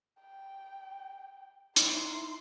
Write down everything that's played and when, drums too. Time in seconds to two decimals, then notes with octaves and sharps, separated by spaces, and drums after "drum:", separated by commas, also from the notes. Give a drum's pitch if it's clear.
0.21 G5
1.76 D#4 E4 C6, drum: hi-hat